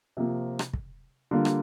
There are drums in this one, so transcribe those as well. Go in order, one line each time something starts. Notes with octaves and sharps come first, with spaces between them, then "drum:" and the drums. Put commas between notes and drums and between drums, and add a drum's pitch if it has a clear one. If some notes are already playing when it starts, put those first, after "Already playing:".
C3 F3 A#3
drum: rim click
drum: kick
D3 G3 A#3 F4
drum: rim click